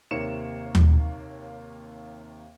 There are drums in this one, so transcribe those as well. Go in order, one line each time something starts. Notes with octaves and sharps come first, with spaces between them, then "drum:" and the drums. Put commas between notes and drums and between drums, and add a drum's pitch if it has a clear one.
D#2 C3 A#3 C#5 C#7 E7
drum: tom D#2